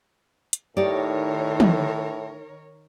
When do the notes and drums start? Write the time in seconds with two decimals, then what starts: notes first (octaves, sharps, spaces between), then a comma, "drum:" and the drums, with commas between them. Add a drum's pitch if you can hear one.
0.53 drum: hi-hat
0.77 A2 D#3 D#4 G4 A#4 C#5 D5
1.60 drum: tom